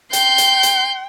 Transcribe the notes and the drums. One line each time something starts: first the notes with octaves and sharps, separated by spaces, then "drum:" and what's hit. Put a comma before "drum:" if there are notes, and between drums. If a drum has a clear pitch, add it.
G5 C6 G6, drum: hi-hat
drum: hi-hat
drum: hi-hat